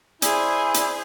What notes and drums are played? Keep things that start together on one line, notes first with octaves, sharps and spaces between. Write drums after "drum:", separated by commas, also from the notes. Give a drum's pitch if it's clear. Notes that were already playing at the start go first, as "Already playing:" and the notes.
E4 G#4 C5 D5 G#5, drum: hi-hat
drum: hi-hat